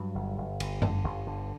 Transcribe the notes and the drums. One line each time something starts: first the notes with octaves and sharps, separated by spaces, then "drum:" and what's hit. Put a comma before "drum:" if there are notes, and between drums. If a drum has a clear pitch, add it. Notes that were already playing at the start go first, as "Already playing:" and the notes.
Already playing: G2 F#3
G1
G1
G1, drum: cymbal
D3, drum: tom F#2
G1
D3